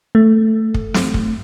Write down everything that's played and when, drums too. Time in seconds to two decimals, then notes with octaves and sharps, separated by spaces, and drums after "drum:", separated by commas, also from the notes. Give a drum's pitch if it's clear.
0.15 A3
0.74 drum: kick
0.94 drum: snare
1.14 drum: kick